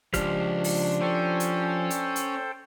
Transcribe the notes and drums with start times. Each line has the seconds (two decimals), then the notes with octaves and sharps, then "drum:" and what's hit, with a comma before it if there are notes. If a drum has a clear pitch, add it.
0.13 C#2 F3 D4 G4 F6, drum: kick C#1, hi-hat
0.64 drum: open hi-hat
1.01 C#4 A4 C5 G5
1.40 drum: hi-hat
1.90 drum: hi-hat
2.16 drum: hi-hat